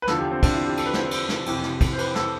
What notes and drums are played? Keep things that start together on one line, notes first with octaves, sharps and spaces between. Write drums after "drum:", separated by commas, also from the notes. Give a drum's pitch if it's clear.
B4
E2 D3 F3 A4, drum: snare
G4
C4
D4, drum: kick, cymbal
E4
G4
A4, drum: cymbal
B4
C5, drum: snare
B4
C5, drum: cymbal
drum: snare
F2 C3 E3, drum: cymbal
drum: snare
drum: kick, cymbal
C5
B4, drum: cymbal
A4, drum: snare